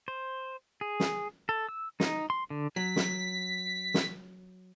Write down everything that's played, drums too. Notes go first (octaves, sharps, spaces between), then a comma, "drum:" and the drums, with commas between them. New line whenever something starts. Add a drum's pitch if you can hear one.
C5
G#4
drum: snare
A4
E6
D#4, drum: snare
C6
D3
F#3 B6
drum: snare
drum: snare